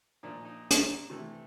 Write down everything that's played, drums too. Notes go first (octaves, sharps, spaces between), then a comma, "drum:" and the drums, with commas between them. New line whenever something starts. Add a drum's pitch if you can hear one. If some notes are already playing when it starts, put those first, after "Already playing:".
A#2 F3 D#4
D#4
drum: hi-hat
C3 E3 A3